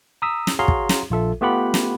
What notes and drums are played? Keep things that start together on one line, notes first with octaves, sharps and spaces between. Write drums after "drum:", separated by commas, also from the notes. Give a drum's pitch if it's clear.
A#5 D#6 E6 B6
drum: snare
F#4 G#4 C#5 F5 A#5 C6
drum: kick
drum: snare
A#1 F4 A4 E5
A3 B3 F4 G4 F#5 B5
drum: snare